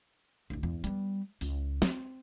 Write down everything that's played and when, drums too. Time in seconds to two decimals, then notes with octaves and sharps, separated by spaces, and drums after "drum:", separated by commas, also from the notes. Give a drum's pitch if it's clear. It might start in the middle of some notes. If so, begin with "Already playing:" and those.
0.50 A1 D2
0.63 E2
0.84 G3 B3, drum: hi-hat
1.41 C#2, drum: open hi-hat
1.82 C4, drum: snare